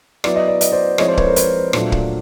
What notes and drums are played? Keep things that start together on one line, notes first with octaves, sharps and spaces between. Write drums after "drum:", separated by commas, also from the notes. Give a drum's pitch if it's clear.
F#3 B3 E4 D5, drum: rim click
D#5
D5
D#5, drum: hi-hat
C5 D5
F3 G#3 C4 E4 C#5 D#5, drum: rim click
C5 D5
B4 C#5, drum: kick
A#4 C5
B4 C#5, drum: hi-hat
A#2 F#3 A3 D4 F4, drum: rim click
drum: kick